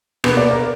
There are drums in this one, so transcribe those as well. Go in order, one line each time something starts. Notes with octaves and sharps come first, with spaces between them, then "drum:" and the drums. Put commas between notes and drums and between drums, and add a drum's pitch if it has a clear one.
B2 B4, drum: rim click
A#3
D5
A#4